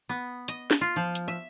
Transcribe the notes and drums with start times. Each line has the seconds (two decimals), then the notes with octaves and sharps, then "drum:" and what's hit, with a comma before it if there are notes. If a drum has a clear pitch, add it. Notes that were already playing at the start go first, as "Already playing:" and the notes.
0.09 B3
0.48 D#5, drum: hi-hat
0.71 drum: snare
0.81 F4
0.96 F3
1.15 drum: hi-hat
1.28 E5